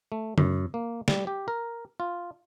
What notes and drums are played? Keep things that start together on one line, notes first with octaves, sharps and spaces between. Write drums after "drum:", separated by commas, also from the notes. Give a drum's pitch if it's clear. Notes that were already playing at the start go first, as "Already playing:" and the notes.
A3
F#2, drum: tom C#3
A#3
G3, drum: snare
G4
A#4
F4